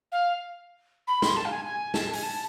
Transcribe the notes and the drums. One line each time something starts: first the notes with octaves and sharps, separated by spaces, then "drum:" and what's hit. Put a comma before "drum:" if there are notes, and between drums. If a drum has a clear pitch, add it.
F5
B5
C6, drum: snare
A5
F5
G#5
G#5
A5, drum: snare
G#5, drum: open hi-hat
A5